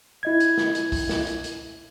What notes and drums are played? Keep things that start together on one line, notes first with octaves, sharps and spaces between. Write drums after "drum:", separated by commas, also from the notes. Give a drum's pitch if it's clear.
E4 D#5 G#6
drum: hi-hat
drum: snare
drum: hi-hat
drum: kick, open hi-hat
drum: snare
drum: hi-hat
drum: hi-hat